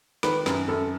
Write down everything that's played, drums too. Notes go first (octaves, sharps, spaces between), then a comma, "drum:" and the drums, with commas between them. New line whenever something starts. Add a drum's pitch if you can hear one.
D#3 B4, drum: snare
F#2, drum: snare
F#2 A4